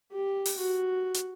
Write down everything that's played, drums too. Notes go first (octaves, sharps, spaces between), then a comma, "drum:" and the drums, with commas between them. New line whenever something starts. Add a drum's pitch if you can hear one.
G4
drum: open hi-hat
F#4
drum: hi-hat